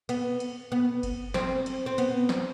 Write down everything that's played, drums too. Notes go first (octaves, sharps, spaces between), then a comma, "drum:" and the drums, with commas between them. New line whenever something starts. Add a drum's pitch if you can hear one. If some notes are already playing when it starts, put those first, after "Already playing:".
B3, drum: cymbal
drum: cymbal
B3
drum: kick F#1, cymbal
C4, drum: snare
drum: cymbal
C4
B3, drum: cymbal
drum: snare